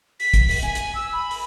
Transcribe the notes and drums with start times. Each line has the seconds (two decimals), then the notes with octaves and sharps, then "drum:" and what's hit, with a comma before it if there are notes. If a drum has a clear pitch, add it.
0.20 B6, drum: open hi-hat
0.34 drum: kick, hi-hat
0.49 B6, drum: open hi-hat
0.63 G#5, drum: hi-hat
0.75 drum: hi-hat
0.95 E6
1.13 B5
1.31 drum: open hi-hat